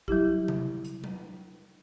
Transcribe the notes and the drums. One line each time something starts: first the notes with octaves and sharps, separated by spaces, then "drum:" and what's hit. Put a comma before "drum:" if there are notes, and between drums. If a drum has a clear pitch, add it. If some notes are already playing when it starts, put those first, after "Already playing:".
F#3 G3 E4 G4, drum: kick G#1
drum: tom C3
drum: hi-hat
drum: tom F#3